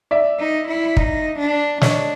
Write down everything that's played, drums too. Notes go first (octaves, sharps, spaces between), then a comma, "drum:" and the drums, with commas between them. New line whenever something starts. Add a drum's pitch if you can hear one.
D5 E5
D#4
E4
D#4, drum: kick
D4
D4 C#5 D#5, drum: snare